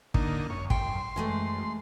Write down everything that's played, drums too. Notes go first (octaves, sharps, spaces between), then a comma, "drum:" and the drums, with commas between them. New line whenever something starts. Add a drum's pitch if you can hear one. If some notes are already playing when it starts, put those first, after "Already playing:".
D3 A#3 D#4, drum: kick G#1
F#2 C#5
G5 C6, drum: kick G#1
F#2 E3 G#3 A3